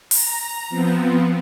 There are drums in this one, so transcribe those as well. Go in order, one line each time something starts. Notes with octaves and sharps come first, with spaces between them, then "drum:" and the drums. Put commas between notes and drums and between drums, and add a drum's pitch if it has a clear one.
A#5, drum: open hi-hat
F3 B3 C4